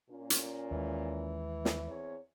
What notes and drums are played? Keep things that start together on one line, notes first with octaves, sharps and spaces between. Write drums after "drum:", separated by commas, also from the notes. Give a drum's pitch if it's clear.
A#2 C#4
drum: hi-hat
D#2 E3 G#3
drum: snare
E2 C4 C#5